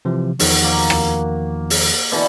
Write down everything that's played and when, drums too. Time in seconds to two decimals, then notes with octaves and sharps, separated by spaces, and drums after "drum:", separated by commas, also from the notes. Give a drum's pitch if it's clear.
0.05 C3 E3 F3
0.39 E2 D#3 F3 F#4, drum: open hi-hat
0.64 A#3
0.90 drum: rim click
1.70 drum: open hi-hat
2.12 B2 D3 E3